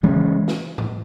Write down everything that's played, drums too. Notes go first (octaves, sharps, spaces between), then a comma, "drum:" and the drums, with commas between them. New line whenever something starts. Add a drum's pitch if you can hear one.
C#3 E3 G#3 C#4
drum: snare
drum: tom G#2